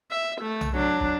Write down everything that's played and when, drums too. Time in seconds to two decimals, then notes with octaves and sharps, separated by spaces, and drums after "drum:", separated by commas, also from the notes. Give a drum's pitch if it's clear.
0.11 E5
0.41 A3
0.61 drum: tom B1
0.76 F#3 D4
1.00 drum: kick